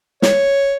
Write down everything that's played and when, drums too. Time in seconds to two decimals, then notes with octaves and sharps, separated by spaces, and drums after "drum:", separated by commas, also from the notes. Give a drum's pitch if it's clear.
0.22 C#5, drum: snare